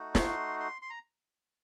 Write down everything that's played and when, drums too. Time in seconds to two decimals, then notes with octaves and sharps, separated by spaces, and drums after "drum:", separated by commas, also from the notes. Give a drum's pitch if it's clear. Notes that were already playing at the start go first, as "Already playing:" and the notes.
Already playing: A3 D#4 F#4
0.15 C6, drum: snare
0.60 C6
0.82 C6
0.90 A#5